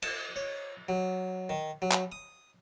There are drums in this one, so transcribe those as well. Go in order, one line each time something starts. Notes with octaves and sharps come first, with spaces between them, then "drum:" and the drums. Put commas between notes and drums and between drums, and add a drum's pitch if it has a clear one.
A5, drum: cymbal
C#5
F#3
D#3
F#3
drum: clap
D#6